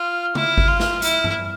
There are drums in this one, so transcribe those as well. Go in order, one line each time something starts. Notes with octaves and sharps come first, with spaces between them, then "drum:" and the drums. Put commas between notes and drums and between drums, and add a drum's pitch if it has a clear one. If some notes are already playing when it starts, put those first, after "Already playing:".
Already playing: F4 F6
E4, drum: tom C#3
drum: kick G#1
F4
drum: snare
E4, drum: hi-hat
drum: tom G2